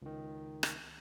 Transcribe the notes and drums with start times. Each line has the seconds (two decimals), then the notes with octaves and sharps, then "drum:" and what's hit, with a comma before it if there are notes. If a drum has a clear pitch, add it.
0.02 C#2 D#3
0.63 drum: rim click